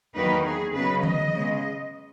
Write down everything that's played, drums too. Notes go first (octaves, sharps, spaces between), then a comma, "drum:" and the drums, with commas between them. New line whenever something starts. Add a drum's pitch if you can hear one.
E2 D#3 F#3 A#3 D#4 B4
G#4
C#3 F#3 B3 D#4 B4
D#5, drum: tom D3
C#3 G#3 B3